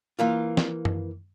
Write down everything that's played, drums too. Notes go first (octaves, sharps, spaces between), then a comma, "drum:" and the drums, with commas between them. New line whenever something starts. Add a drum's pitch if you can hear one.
E3 A#3 F4
drum: snare
drum: tom F#2